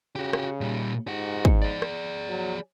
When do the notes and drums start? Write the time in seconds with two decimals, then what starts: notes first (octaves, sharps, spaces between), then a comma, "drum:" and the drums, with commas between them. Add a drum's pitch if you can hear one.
0.16 C#3 F#4 G4
0.33 drum: rim click
0.61 A#2 G3
1.08 G#2 G4 F#5
1.45 drum: kick
1.62 G#4 D5
1.82 drum: rim click
2.29 F#3